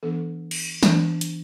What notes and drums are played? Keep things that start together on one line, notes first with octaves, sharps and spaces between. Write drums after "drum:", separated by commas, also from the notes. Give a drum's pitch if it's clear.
E3 B3 D4 A4
drum: cymbal
E3 B3 D4, drum: snare
drum: hi-hat